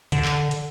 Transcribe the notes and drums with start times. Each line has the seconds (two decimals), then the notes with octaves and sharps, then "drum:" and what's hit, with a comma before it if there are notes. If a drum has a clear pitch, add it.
0.12 D3, drum: kick, hi-hat
0.25 drum: clap
0.51 drum: hi-hat